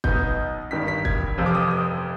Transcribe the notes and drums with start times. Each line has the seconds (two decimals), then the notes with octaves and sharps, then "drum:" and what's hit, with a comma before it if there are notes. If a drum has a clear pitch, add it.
0.04 B1 B2 B3 D#4 G6, drum: kick
0.71 G#1 G2 D#3 B6
0.88 B6
1.05 G#6, drum: kick
1.38 F1 F2 C3 F3 C4
1.46 D6
1.55 D#6
1.71 D#6